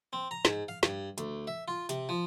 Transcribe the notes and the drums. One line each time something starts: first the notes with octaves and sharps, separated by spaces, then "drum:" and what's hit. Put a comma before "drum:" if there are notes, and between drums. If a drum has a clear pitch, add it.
C4
A#5
G#2, drum: snare
F5
G2, drum: snare
D2, drum: hi-hat
E5
F4
C3, drum: hi-hat
F3